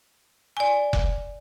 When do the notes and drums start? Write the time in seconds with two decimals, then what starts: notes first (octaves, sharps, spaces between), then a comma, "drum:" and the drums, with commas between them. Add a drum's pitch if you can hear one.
0.57 D5 G#5
0.93 drum: kick F1